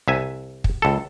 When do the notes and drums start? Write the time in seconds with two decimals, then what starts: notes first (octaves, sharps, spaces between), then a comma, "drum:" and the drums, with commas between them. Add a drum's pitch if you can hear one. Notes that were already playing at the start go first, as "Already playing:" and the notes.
0.08 C2 E5 G#5
0.64 drum: kick
0.82 C#2 A4